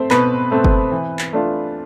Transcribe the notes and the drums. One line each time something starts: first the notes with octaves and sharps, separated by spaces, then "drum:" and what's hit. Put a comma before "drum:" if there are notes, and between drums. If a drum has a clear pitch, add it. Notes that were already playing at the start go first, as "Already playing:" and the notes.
Already playing: A3 C4 C5
B2 B4, drum: clap
A3 C4
drum: kick F#1
E3
drum: clap
A3 D4 F4